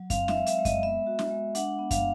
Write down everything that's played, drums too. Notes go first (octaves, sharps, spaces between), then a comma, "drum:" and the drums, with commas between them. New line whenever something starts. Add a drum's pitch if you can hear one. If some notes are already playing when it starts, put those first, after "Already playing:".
Already playing: F#3
C4 F5, drum: kick F#2, hi-hat
E5, drum: snare
G#3
E5, drum: hi-hat
G#3
D#5, drum: kick F#2, hi-hat
B3 E5
F#4
drum: snare
G#3
D4 F#5, drum: hi-hat
B3
F5, drum: kick F#2, hi-hat